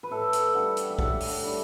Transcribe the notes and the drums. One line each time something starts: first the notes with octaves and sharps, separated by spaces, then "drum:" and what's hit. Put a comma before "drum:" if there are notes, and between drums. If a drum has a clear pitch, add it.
B4
A2 A4
drum: hi-hat
G3 D4 F#5
drum: hi-hat
E5
A2 F#5, drum: kick
drum: open hi-hat
G3 D4